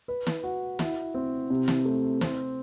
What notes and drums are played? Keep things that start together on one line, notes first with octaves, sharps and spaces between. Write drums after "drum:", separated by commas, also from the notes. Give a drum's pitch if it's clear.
B4
drum: snare
F#4
E4, drum: snare
C4
C3
drum: snare
A3
C4, drum: snare